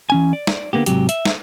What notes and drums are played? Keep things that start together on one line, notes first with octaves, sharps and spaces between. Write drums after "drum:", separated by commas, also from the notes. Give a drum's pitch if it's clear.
E3 C#4 G#5
D5
drum: snare
D3 A#3 B3 G4
G#2 C3 F#3 G4, drum: hi-hat
E5, drum: hi-hat
drum: snare